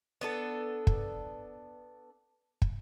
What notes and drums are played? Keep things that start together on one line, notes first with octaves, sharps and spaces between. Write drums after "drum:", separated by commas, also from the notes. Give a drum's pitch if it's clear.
B3 D4 A4
drum: kick
drum: kick